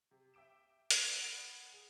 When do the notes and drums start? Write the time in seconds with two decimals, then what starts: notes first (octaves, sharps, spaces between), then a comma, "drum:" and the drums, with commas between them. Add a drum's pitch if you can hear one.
0.11 C3
0.34 E5 G5 D6 D7 E7
0.90 drum: hi-hat
1.21 F#5 B5 D#6
1.72 G#4